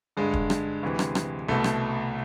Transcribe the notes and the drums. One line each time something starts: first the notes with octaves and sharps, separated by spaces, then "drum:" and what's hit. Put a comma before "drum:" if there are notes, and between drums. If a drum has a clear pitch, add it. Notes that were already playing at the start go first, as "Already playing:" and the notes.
G2 D3 G#3
drum: kick
drum: rim click
D2 C3 E3
drum: rim click
drum: rim click
C2 B2 A3
drum: rim click